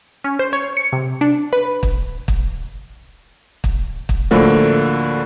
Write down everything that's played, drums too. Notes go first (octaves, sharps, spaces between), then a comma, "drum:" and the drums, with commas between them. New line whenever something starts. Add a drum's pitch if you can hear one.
C#4
C5
C#5
C#7
C3
D4
B4
drum: kick
drum: kick
drum: kick
drum: kick
D2 A2 D3 F3 A#3